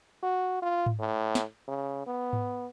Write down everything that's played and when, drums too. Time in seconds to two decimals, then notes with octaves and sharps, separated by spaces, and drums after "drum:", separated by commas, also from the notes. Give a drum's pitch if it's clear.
0.23 F#4
0.62 F4
0.86 drum: tom G#2
0.99 A2
1.35 drum: snare
1.68 C#3
2.07 B3
2.33 drum: tom G#2